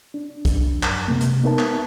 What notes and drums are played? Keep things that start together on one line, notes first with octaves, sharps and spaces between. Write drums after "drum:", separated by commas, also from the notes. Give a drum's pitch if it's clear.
D4
drum: kick, hi-hat
F#2, drum: clap
C3 G#3 A#3
drum: hi-hat
B3 D#4 A#4 B4 E5 A5
drum: clap